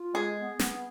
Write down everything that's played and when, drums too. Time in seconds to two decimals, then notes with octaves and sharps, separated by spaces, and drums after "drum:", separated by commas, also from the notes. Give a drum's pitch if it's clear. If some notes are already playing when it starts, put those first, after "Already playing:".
Already playing: F4
0.14 G#3 G#4
0.38 B3
0.59 B3, drum: snare